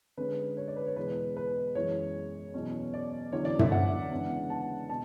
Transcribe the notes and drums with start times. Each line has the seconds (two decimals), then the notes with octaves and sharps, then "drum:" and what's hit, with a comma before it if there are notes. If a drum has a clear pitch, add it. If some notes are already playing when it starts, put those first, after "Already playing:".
0.17 D3 G#3 C#4 B4
0.57 C#5
0.68 D5
0.76 B4
0.86 C#5
0.96 E2 B2 G#3 B4
1.37 B4
1.75 F#2 E3 G#3 C#5
2.54 E2 B2 F#3 C#4
2.94 D5
3.32 E2 D3 F#3 C#4 E4 C#5
3.45 D5
3.59 E5, drum: tom
3.72 F#5
4.11 E2 C#3 G#3 B3 D4
4.50 A5
4.89 B2 A5